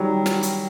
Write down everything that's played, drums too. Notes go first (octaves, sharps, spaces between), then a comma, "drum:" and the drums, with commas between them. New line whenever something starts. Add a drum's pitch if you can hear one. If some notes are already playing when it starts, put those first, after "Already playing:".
Already playing: D#3 F#3 G3
drum: snare
drum: hi-hat